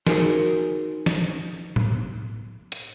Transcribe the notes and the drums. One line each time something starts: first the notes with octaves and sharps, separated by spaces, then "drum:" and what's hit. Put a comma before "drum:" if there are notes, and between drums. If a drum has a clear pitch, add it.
D#4 F#4 G#4 A#4 C5, drum: snare
drum: snare
drum: tom A2
drum: hi-hat